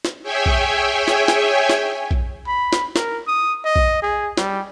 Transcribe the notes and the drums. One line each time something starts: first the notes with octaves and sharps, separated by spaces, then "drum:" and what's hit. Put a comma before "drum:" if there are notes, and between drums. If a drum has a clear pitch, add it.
drum: snare
G#4 C#5 E5 G5 G#5
drum: kick A#1
drum: snare
drum: snare
drum: snare
drum: kick A#1
B5
drum: snare
A#4, drum: snare
D#6
D#5
drum: kick A#1
G#4
G3, drum: snare